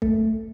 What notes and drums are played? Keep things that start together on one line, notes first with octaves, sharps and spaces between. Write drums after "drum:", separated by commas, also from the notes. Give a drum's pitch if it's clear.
A3, drum: kick C2